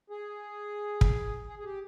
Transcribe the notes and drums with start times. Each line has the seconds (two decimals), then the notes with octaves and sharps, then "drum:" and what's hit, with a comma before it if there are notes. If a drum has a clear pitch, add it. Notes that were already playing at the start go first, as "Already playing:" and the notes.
0.10 G#4
1.01 drum: kick
1.47 G#4
1.59 G#4
1.64 G4